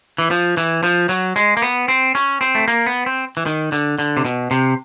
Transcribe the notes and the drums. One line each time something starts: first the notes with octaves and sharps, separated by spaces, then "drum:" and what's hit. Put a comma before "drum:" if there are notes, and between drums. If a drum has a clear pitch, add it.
E3
F3
E3, drum: hi-hat
F3, drum: hi-hat
F#3, drum: hi-hat
G#3, drum: hi-hat
A#3
B3, drum: hi-hat
C4, drum: hi-hat
C#4, drum: hi-hat
C4, drum: hi-hat
A3
A#3, drum: hi-hat
B3
C4
E3
D#3, drum: hi-hat
D3, drum: hi-hat
D3, drum: hi-hat
C3
B2, drum: hi-hat
C3, drum: hi-hat